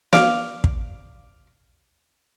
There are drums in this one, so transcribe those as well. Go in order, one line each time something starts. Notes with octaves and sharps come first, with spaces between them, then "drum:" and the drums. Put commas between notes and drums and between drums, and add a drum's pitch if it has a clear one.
D5 F5, drum: snare
drum: kick